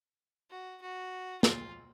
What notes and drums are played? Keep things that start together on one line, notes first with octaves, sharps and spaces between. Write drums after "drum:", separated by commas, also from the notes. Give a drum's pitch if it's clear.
F#4
F#4
F4, drum: snare